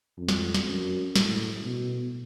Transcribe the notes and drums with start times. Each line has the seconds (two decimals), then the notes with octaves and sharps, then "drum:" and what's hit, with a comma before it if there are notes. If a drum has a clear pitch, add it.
0.17 F2
0.29 drum: snare
0.54 drum: snare
0.67 F#2
1.16 A2, drum: snare
1.64 B2